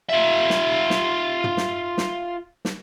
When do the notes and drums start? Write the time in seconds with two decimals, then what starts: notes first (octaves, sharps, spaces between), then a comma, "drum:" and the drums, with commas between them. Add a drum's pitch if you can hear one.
0.09 F4 E5
0.50 drum: snare
0.90 drum: snare
1.44 drum: tom
1.57 drum: snare
1.98 drum: snare
2.65 drum: snare